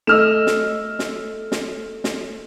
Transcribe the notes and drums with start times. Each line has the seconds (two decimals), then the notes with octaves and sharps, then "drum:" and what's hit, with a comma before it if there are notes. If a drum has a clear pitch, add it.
0.07 A3 D#5 E6 F6 E7
0.47 drum: snare
0.99 drum: snare
1.52 drum: snare
2.04 drum: snare